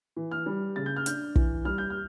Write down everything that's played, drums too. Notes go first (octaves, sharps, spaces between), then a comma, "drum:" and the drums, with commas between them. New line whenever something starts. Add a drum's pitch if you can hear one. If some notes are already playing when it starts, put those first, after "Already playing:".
E3
F6
G3
C#3 A6
G6
F6
D4 G6, drum: hi-hat
E3, drum: kick
G3 F6
G6
F6